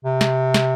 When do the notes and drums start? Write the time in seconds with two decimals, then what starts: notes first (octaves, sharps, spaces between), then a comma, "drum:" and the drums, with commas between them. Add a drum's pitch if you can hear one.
0.05 C3
0.21 drum: snare
0.54 drum: snare